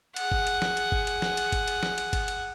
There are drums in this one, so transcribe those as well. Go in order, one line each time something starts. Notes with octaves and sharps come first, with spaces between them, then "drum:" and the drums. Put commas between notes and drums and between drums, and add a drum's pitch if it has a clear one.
G#4 F#5, drum: cymbal
drum: kick G#1
drum: cymbal
drum: snare
drum: cymbal
drum: kick G#1
drum: cymbal
drum: snare
drum: cymbal
drum: kick G#1, cymbal
drum: cymbal
drum: snare
drum: cymbal
drum: kick G#1, cymbal
drum: cymbal